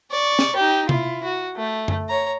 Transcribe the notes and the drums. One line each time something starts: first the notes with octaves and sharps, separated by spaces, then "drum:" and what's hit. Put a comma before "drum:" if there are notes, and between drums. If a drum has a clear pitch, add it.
D5 C#6
drum: snare
D#4 G4
E4 F4, drum: tom C3
F#4
A3
drum: tom F#2
C#5 A#5